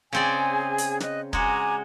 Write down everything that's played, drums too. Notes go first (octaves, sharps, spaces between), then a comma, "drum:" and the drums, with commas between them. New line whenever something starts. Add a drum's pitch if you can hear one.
C#3 C4 G#4 D5 G#5
drum: hi-hat
D#5 F#6, drum: snare
G#3 F#4 G#5 A#5 D6, drum: kick